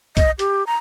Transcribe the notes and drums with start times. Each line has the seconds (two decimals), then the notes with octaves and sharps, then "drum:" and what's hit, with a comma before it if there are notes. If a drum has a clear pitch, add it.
0.17 D#5, drum: kick B1, hi-hat
0.39 G4, drum: hi-hat
0.67 A#5